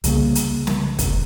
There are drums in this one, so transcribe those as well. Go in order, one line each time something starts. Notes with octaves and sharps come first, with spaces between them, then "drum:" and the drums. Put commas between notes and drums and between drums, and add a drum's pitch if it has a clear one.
C2 C#3 A#3, drum: hi-hat
drum: hi-hat
drum: snare
drum: kick, hi-hat